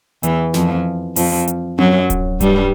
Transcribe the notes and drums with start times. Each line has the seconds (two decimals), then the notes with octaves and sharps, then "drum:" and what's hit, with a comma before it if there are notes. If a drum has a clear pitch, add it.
0.23 E2 E3, drum: hi-hat
0.54 F2 F3, drum: snare
1.16 F2 F3, drum: open hi-hat
1.48 drum: hi-hat
1.79 F#2 F#3, drum: tom C4
2.10 drum: kick D1, hi-hat
2.41 G2 G3, drum: kick D1, hi-hat